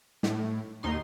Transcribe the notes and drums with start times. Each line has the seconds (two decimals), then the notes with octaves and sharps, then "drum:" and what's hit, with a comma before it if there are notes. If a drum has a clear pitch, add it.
0.23 A2, drum: snare
0.83 D#2 D#4 C6